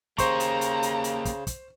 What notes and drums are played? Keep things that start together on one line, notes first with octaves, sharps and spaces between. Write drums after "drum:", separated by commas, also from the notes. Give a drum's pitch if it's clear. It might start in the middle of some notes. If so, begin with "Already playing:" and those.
C#3 A#3 G4 C5 A#5 C6 C#6, drum: kick, hi-hat
drum: hi-hat
drum: hi-hat
drum: hi-hat
drum: hi-hat
drum: kick, hi-hat
drum: kick, hi-hat